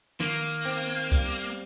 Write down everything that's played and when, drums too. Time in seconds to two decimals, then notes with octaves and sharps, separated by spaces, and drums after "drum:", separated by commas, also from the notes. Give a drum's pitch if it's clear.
0.20 D#3 A#3, drum: snare
0.50 drum: hi-hat
0.65 C4
0.81 drum: hi-hat
1.11 G3, drum: kick C2, hi-hat
1.41 drum: hi-hat